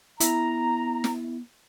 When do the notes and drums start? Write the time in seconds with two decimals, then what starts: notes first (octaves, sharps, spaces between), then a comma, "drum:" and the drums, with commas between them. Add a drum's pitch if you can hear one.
0.20 B3 E4 A#5, drum: hi-hat
1.04 drum: snare